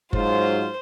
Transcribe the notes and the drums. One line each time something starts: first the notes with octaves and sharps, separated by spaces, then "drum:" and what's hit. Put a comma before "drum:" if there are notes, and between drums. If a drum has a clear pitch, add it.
G#2 F#3 F4 C5, drum: kick F#1